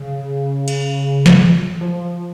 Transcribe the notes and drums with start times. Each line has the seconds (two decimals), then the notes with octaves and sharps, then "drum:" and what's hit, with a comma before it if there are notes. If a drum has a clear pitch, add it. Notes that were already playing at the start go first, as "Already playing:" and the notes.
Already playing: C#3
0.68 drum: cymbal
1.26 drum: snare
1.81 F3